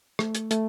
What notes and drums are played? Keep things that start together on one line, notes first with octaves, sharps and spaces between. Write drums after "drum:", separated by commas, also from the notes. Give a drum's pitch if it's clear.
A3, drum: rim click
drum: hi-hat
A3, drum: hi-hat